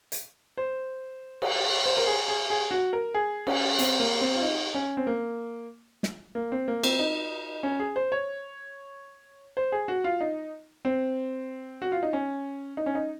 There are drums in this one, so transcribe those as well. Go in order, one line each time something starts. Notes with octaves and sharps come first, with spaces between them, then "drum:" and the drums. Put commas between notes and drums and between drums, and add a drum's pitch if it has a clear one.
drum: hi-hat
C5
drum: cymbal
C5
A#4
G#4
G#4
G#4
F#4
A#4
G#4
C#4, drum: cymbal
C4, drum: hi-hat
A#3
C4
F4
D#4
C#4
C4
A#3
drum: snare
A#3
C4
A#3
C4, drum: cymbal
D#4
C#4
G#4
C5
C#5
C5
G#4
F#4
F4
D#4
C4
F#4
F4
D#4
C#4
D#4
C#4
D#4